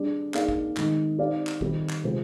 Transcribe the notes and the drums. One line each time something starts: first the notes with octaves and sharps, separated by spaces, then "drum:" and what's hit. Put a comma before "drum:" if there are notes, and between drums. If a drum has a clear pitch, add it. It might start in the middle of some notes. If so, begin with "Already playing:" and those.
Already playing: G3 D4 G#4 D5
A#3 D#4 G#4 D5 F5, drum: clap
drum: kick
D#3 G#3 D#4, drum: clap
C4 D#4 G4 D5 F5
drum: clap
D#3 G3 C4, drum: kick
drum: clap
C3 F3 G#3 C4